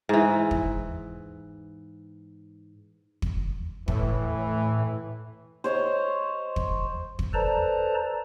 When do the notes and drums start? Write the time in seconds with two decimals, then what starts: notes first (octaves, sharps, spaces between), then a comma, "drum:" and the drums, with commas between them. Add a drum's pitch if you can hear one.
0.09 G#2 E3
0.51 drum: kick
3.22 drum: kick
3.88 A2 E3, drum: kick
5.64 C5 C#5 D#5 A#5
6.56 drum: kick
7.19 drum: kick
7.34 A4 B4 C5 D5 A5 A#5